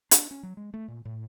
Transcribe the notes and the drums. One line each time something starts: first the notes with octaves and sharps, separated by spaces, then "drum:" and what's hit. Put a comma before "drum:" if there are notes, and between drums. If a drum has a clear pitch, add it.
D4, drum: hi-hat
C#4
F#3
G#3
A3
A#2
A2